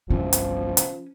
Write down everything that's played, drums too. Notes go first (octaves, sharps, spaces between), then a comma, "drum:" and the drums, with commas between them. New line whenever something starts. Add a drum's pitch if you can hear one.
G1 C2 F3 C#4
drum: hi-hat
drum: hi-hat